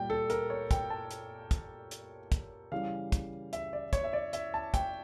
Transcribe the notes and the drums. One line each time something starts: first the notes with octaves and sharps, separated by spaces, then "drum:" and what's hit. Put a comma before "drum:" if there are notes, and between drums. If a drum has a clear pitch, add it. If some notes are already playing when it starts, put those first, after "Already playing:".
Already playing: A#2 G3 G5
A4
A#4, drum: hi-hat
C#5
G5, drum: kick, hi-hat
A5
drum: hi-hat
drum: kick, hi-hat
drum: hi-hat
drum: kick, hi-hat
C#3 E3 G3 F5
drum: kick, hi-hat
E5, drum: hi-hat
D5
C#5, drum: kick, hi-hat
E5
D5
E5, drum: hi-hat
A5
G5, drum: kick, hi-hat